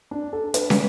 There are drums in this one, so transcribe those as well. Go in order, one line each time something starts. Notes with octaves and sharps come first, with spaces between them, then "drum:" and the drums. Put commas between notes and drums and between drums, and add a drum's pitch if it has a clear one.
D4
A4
B4, drum: hi-hat
drum: snare